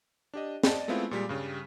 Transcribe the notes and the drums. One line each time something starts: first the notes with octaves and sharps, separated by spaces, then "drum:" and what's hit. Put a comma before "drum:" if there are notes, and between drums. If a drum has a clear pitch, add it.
D4 G4 D#5
D5 D#5 A5, drum: snare
G#3 A3 B3 C4 E4 F4
A#2 G3 G#3 B6
G2 C#3 G3